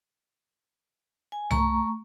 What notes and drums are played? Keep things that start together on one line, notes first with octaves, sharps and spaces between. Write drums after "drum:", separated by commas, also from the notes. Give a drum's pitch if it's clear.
G#5
A3 A#5 C#6, drum: tom C2